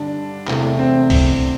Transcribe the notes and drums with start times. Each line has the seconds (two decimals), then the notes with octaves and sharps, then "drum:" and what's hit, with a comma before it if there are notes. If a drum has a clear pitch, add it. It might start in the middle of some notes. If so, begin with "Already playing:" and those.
Already playing: G2 D3 D4
0.48 E2 C3 A3 E4 A4, drum: clap
0.79 C4
1.10 drum: kick B1, open hi-hat